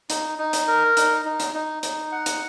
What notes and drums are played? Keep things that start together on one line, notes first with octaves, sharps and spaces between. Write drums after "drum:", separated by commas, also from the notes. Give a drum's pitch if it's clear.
D#4, drum: hi-hat
D#4
drum: hi-hat
A#4
D#4, drum: hi-hat
D#4
drum: hi-hat
D#4
D#4, drum: hi-hat
F#5
drum: hi-hat